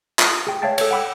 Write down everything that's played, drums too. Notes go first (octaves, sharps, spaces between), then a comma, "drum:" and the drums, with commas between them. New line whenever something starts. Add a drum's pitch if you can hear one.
F4, drum: clap
G#4 G5
C#5 E5 F5 G5 A5 A6
A4 C#5, drum: cymbal
F#5 G5 B5 D6 E6